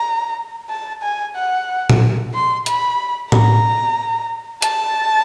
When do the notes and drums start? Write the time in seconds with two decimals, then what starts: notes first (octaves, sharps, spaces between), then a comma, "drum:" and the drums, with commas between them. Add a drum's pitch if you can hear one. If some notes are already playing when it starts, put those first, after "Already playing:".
Already playing: A#5
0.70 A5
1.02 G#5
1.35 F#5
1.90 drum: tom A#2
2.34 C6
2.66 B5, drum: hi-hat
3.32 A#5, drum: tom A2
4.62 A5, drum: hi-hat